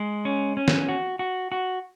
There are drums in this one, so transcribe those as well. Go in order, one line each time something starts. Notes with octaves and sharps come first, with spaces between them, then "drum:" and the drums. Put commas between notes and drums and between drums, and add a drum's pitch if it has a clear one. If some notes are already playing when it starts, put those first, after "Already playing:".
Already playing: G#3
C#4
C#4
drum: snare
F#4
F#4
F#4